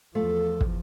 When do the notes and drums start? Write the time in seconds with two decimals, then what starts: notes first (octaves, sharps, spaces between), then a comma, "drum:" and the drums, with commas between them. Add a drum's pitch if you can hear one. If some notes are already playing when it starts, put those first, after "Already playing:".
0.15 E2 F3 A3 F4 A4
0.61 drum: kick